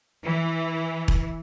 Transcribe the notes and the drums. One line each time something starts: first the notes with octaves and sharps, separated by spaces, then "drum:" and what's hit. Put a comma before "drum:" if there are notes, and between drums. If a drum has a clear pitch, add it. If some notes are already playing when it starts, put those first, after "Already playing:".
E3
drum: kick E1